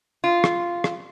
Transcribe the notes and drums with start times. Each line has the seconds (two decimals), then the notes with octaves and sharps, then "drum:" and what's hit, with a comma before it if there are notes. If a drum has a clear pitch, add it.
0.24 F4
0.44 drum: rim click
0.84 drum: rim click